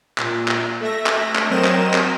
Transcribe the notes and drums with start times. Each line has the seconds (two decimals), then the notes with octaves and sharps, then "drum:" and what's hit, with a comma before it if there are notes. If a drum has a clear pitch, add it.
0.18 A#2, drum: clap
0.48 drum: clap
0.81 A3 E5 A#6
1.06 drum: clap
1.35 drum: clap
1.50 F#3 C4 A#4 D#5 E7
1.65 drum: clap
1.94 drum: clap